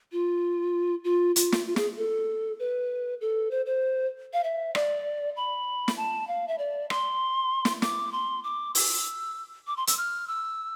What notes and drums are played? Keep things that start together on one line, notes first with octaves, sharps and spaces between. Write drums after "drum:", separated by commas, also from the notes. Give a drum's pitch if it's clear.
F4
F4
F4, drum: hi-hat
drum: snare
F4
G#4, drum: snare
A4
B4
A4
C5
C5
F5
E5
D5, drum: rim click
B5
drum: snare
A5
F5
E5
D5
C6, drum: rim click
drum: snare
D6, drum: snare
C6
D6
E6, drum: open hi-hat
D6
C6
E6, drum: hi-hat
F6
E6